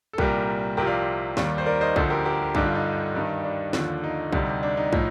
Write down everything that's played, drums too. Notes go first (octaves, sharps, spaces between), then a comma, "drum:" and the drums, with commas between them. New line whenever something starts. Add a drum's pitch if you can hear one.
A4
C2 A#2 G3 G4 A#4, drum: kick
C2 C3 F3 G4 A#4
D5 F5
D#2 D#3 G3, drum: snare
C5
A#4 D5
C5 D#5
D2 D3 F3 A4 C5, drum: kick
G4 A#4
G4 A#4
G2 D3 G3 D#4 G4, drum: kick
D4 F4
D#4
G2 D#3 G3
D4
D#2 D3 F3, drum: snare
D#4
D2 C3 G3, drum: kick
D4
D#4
A2 F3, drum: kick